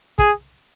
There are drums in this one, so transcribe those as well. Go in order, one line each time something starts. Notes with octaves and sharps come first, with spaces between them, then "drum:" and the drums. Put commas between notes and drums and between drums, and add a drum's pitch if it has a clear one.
G#4, drum: kick